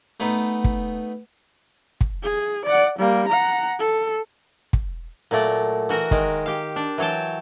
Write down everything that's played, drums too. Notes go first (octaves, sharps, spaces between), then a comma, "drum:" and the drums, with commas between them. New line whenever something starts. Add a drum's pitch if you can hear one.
A3 B3 D#4
drum: kick
drum: kick
G#4
D5 F#5
G3 A#3
F#5 A#5
A4
drum: kick
A#2 F#3 A3 D5
E3 F#4 A#4
D#3 G#3, drum: kick
G4 F5
D4
E3 F#3 C#5 G5 A5